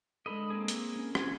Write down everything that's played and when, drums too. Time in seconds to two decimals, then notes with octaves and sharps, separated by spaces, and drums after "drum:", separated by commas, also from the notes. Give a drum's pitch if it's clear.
0.26 G#3 D4 A4 D#5 B5
0.50 A#3 C4 G#4
0.68 drum: hi-hat
0.96 C#4
1.15 C4 G#5, drum: rim click